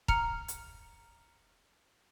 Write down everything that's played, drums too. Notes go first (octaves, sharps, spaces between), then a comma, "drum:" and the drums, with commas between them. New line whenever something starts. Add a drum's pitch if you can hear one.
A#5 F6 C#7, drum: kick
drum: hi-hat